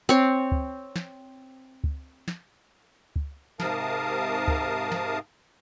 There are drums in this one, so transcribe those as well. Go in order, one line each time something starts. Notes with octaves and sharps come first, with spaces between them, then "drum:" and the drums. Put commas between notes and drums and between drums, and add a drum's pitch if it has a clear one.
C4 C#5
drum: kick C#2
drum: snare
drum: kick C#2
drum: snare
drum: kick C#2
G#2 C3 A#4 F5 A5 D#6, drum: snare
drum: kick C#2
drum: snare